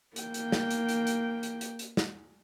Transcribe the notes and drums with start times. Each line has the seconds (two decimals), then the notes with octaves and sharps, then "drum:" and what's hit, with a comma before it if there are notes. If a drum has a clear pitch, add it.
0.16 A#3 G5, drum: hi-hat
0.34 drum: hi-hat
0.52 drum: snare
0.71 drum: hi-hat
0.89 drum: hi-hat
1.07 drum: hi-hat
1.43 drum: hi-hat
1.61 drum: hi-hat
1.79 drum: hi-hat
1.97 drum: snare